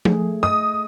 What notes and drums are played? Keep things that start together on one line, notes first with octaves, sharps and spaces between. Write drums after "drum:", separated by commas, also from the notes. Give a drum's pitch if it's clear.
A3 G#4, drum: tom F3
D#5 D#6